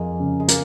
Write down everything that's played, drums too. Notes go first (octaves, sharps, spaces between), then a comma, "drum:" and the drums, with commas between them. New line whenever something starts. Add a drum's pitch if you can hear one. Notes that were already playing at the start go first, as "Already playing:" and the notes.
Already playing: F2 G#3 A#3
C#3
G#3
A#3, drum: hi-hat